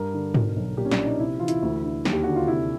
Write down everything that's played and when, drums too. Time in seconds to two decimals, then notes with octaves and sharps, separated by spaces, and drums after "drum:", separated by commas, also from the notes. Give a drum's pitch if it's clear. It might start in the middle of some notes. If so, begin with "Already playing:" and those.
Already playing: G2 A#4
0.14 D3
0.34 B2, drum: tom G#2
0.56 B1
0.77 A#2 G4
0.85 C#4
0.91 D4, drum: snare
0.98 A#1
1.05 D#4
1.19 C3 E4
1.39 E3 F4
1.48 E4, drum: hi-hat
1.62 D2
1.84 D3
2.05 D#2, drum: snare
2.13 G4
2.23 D3 F#4
2.36 F4
2.48 C3 E4